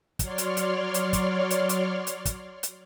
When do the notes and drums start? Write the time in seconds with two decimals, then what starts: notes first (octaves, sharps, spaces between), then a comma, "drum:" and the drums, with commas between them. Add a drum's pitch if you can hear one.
0.19 F#3 C#5 D5 C6 F6, drum: kick, hi-hat
0.38 drum: hi-hat
0.57 drum: hi-hat
0.94 drum: hi-hat
1.13 drum: kick, hi-hat
1.50 drum: hi-hat
1.69 drum: hi-hat
2.07 drum: hi-hat
2.25 drum: kick, hi-hat
2.63 drum: hi-hat